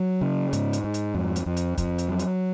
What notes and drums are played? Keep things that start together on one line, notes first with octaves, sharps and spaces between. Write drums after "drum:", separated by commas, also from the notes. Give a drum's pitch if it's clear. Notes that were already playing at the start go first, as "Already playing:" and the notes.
Already playing: F#3
C#3
G#2, drum: hi-hat
drum: hi-hat
G#2
drum: hi-hat
F2
drum: hi-hat
F2
drum: hi-hat
F2, drum: kick, hi-hat
drum: hi-hat
F#3
drum: hi-hat